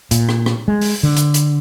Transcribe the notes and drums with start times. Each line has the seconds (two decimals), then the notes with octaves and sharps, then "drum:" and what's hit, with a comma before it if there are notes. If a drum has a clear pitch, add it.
0.11 A#2, drum: hi-hat
0.29 drum: rim click
0.46 drum: rim click
0.68 G#3
0.81 drum: open hi-hat
1.03 D3
1.17 drum: hi-hat
1.34 drum: hi-hat